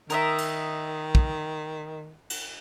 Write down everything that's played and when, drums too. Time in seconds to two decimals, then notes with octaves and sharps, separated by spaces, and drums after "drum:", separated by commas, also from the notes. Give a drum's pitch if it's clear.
0.10 D#3 A#4 D#5 E5, drum: hi-hat
0.38 drum: cymbal
1.15 drum: kick
2.30 drum: cymbal